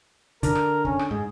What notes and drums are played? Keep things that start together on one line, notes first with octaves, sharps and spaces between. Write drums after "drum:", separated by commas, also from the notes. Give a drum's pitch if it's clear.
D3 A#4, drum: kick, hi-hat
drum: rim click
C#4, drum: kick
drum: rim click
G#2 G#4